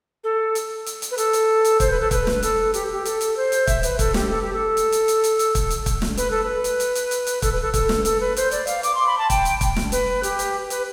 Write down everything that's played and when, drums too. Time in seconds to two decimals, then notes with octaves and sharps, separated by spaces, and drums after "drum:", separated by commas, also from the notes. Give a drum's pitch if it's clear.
0.24 A4
0.55 drum: hi-hat
0.86 drum: hi-hat
1.02 drum: hi-hat
1.11 B4
1.18 A4, drum: hi-hat
1.33 drum: hi-hat
1.64 drum: hi-hat
1.80 C5, drum: kick, hi-hat
1.90 B4
2.00 A4
2.11 B4, drum: kick, hi-hat
2.27 drum: snare
2.43 A4, drum: hi-hat
2.74 G4, drum: hi-hat
2.92 G4
3.05 A4, drum: hi-hat
3.21 drum: hi-hat
3.37 C5
3.52 drum: hi-hat
3.67 E5, drum: kick, hi-hat
3.83 B4, drum: hi-hat
3.99 A4, drum: kick, hi-hat
4.14 G4, drum: snare
4.30 A4
4.42 G4
4.53 A4
4.77 drum: hi-hat
4.92 drum: hi-hat
5.08 drum: hi-hat
5.24 drum: hi-hat
5.39 drum: hi-hat
5.55 drum: kick, hi-hat
5.70 drum: hi-hat
5.86 drum: kick, hi-hat
6.02 drum: snare
6.17 B4, drum: hi-hat
6.31 A4
6.44 B4
6.64 drum: hi-hat
6.80 drum: hi-hat
6.95 drum: hi-hat
7.11 drum: hi-hat
7.27 drum: hi-hat
7.42 A4, drum: kick, hi-hat
7.52 B4
7.62 A4
7.74 A4, drum: kick, hi-hat
7.89 drum: snare
8.05 A4, drum: hi-hat
8.20 B4
8.37 C5, drum: hi-hat
8.51 D5, drum: hi-hat
8.67 F5, drum: hi-hat
8.83 D6, drum: hi-hat
8.95 C6
9.06 B5
9.18 A5
9.30 G5, drum: kick, hi-hat
9.45 drum: hi-hat
9.61 drum: kick, hi-hat
9.76 drum: snare
9.92 B4, drum: hi-hat
10.23 G4, drum: hi-hat
10.39 drum: hi-hat
10.70 B4, drum: hi-hat